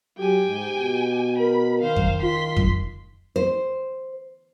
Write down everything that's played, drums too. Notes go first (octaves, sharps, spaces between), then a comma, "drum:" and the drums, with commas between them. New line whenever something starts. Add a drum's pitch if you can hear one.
F#3 G4 G5 G#5
G#2
B2
A#4 B5
D#3 C5 F5
drum: kick F2
F4 C6 B6
drum: kick F2
C5